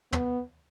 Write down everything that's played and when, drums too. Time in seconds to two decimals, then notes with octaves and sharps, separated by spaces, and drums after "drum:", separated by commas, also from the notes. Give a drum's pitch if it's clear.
0.12 B3, drum: tom